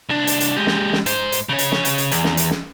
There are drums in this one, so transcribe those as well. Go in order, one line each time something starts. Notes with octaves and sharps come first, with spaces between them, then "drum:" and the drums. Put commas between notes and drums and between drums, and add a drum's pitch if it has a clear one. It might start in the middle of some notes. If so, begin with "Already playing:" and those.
C2 D4
drum: hi-hat
drum: hi-hat
G#3 G4
drum: snare
drum: snare
G#2 C5, drum: hi-hat
drum: hi-hat
C#3 C#5
drum: hi-hat
drum: snare
drum: hi-hat
drum: hi-hat
E2, drum: hi-hat
drum: snare
drum: hi-hat
drum: snare